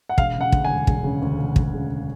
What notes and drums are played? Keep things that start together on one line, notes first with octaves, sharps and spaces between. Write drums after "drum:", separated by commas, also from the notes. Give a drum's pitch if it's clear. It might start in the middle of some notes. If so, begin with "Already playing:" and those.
F#5
E1 F5, drum: kick
C#3
F#5
D2, drum: kick
G#5
E1
E1, drum: kick
C#3
D2
E1
E1, drum: kick
C#3